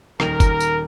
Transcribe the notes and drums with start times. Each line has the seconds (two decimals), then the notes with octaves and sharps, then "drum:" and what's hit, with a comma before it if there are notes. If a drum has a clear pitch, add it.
0.20 D#1 D#3 A#4 F7, drum: rim click
0.40 drum: kick G1, tambourine
0.60 drum: tambourine